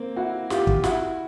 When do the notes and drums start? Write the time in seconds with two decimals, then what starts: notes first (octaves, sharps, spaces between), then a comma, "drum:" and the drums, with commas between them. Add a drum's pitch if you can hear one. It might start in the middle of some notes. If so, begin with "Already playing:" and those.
Already playing: A#3 C4
0.16 E4 F#4
0.50 F4 G4, drum: snare
0.67 drum: kick
0.84 E4 F#4, drum: snare